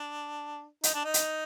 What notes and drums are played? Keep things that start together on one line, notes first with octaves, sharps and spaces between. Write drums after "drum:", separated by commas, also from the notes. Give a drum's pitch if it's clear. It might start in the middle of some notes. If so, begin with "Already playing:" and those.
Already playing: D4
D#4, drum: hi-hat
D4
D#4
drum: hi-hat